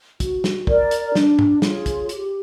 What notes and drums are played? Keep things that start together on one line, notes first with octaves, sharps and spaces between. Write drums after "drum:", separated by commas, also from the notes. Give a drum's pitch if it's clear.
F#4, drum: kick, hi-hat
drum: snare
A#4 D5, drum: kick
drum: hi-hat
D4, drum: snare
drum: tom G#2
F4 G#4 C#5, drum: snare
drum: kick, hi-hat
G4, drum: hi-hat